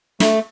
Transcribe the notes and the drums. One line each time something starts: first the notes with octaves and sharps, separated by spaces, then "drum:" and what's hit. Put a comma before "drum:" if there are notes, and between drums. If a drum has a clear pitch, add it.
A3, drum: snare